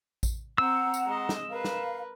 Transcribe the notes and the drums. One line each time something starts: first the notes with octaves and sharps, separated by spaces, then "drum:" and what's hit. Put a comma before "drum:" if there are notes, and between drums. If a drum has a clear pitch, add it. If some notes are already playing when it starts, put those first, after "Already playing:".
drum: kick A1, tambourine
C4 F#5 A#5 E6
drum: tambourine
G#3 D#5
drum: snare
A#4 B4 F5
drum: snare